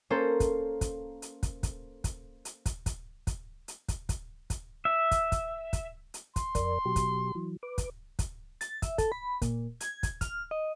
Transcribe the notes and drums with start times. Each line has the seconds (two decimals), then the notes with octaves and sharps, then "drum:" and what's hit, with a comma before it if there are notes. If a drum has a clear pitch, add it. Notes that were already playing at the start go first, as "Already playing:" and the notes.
0.10 A#3 C#4 A4 C5
0.40 drum: kick, hi-hat
0.81 drum: kick, hi-hat
1.22 drum: hi-hat
1.43 drum: kick, hi-hat
1.63 drum: kick, hi-hat
2.04 drum: kick, hi-hat
2.45 drum: hi-hat
2.66 drum: kick, hi-hat
2.86 drum: kick, hi-hat
3.27 drum: kick, hi-hat
3.68 drum: hi-hat
3.88 drum: kick, hi-hat
4.09 drum: kick, hi-hat
4.50 drum: kick, hi-hat
4.85 E5
5.11 drum: kick, hi-hat
5.32 drum: kick, hi-hat
5.73 drum: kick, hi-hat
6.14 drum: hi-hat
6.36 C6, drum: kick, hi-hat
6.55 F2 A#4 D5, drum: kick, hi-hat
6.86 B2 F#3 G4
6.96 drum: kick, hi-hat
7.35 E3 F#3
7.63 B4 D6
7.78 drum: kick, hi-hat
8.19 drum: kick, hi-hat
8.61 A6, drum: hi-hat
8.82 E5, drum: kick, hi-hat
8.98 A4, drum: kick, hi-hat
9.12 B5
9.42 A#2, drum: kick, hi-hat
9.81 G#6, drum: hi-hat
10.03 drum: kick, hi-hat
10.21 F6, drum: kick, hi-hat
10.51 D#5